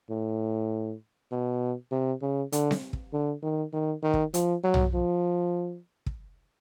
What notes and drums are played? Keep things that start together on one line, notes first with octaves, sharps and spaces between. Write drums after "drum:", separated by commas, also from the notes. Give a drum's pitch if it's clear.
A2
B2
C3
C#3
D3, drum: hi-hat
drum: snare C4
drum: kick
D3
D#3
D#3
D#3
drum: kick
F3, drum: hi-hat
F#3
drum: tom
F3
drum: kick